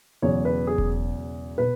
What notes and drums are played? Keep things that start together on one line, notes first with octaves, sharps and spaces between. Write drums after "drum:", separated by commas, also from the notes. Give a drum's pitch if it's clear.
E1 E2 C#3 F#3 C#5
B4
G#4
drum: kick E1
B2 B4